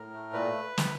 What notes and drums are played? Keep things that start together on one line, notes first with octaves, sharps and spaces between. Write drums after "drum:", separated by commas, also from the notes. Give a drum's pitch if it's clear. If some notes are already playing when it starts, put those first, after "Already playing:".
Already playing: A2 A#4
A3
A#2 B4
drum: snare